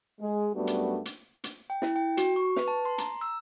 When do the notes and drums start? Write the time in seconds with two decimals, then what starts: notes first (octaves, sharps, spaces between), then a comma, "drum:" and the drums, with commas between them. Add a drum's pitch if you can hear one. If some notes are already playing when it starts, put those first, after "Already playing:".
0.20 G#3 G#4
0.54 F#2 G3 A3 B3 D4 F#4
0.67 drum: hi-hat
1.05 drum: hi-hat
1.44 drum: hi-hat
1.70 G5
1.82 E4, drum: snare
1.96 G5
2.17 F#4, drum: hi-hat
2.36 C#6
2.56 B4, drum: snare
2.68 A5
2.85 C6
2.98 A#5, drum: hi-hat
3.21 E6